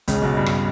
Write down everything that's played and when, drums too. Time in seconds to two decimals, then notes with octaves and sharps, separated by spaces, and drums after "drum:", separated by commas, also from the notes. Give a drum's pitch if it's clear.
0.08 C#2 C#3, drum: kick, hi-hat
0.22 B1 B2
0.37 G2
0.46 drum: rim click